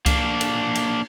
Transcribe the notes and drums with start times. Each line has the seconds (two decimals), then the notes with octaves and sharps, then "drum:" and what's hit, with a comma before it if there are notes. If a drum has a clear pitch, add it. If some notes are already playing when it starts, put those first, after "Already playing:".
0.06 A#3 D4, drum: kick C#2, cymbal
0.41 drum: cymbal
0.75 drum: cymbal